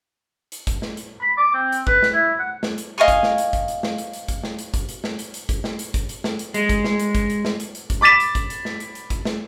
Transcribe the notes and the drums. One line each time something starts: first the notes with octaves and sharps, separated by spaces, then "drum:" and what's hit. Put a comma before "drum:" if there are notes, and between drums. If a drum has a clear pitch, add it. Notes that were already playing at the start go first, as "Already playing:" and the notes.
drum: hi-hat
drum: kick, hi-hat
drum: snare
drum: hi-hat
B5
D6
C4
drum: hi-hat
B4, drum: kick
drum: snare
E4
F#5
drum: snare
drum: hi-hat
D#5 F5 G#5 C#6
drum: kick, hi-hat
drum: snare
drum: hi-hat
drum: kick, hi-hat
drum: hi-hat
drum: snare
drum: hi-hat
drum: hi-hat
drum: kick, hi-hat
drum: snare
drum: hi-hat
drum: kick, hi-hat
drum: hi-hat
drum: snare
drum: hi-hat
drum: hi-hat
drum: kick, hi-hat
drum: snare
drum: hi-hat
drum: kick, hi-hat
drum: hi-hat
drum: snare
drum: hi-hat
G#3, drum: hi-hat
drum: kick, hi-hat
drum: snare
drum: hi-hat
drum: kick, hi-hat
drum: hi-hat
drum: snare
drum: hi-hat
drum: hi-hat
drum: kick, hi-hat
B5 D6 A6 B6 E7
drum: hi-hat
drum: kick, hi-hat
drum: hi-hat
drum: snare
drum: hi-hat
drum: hi-hat
drum: kick, hi-hat
drum: snare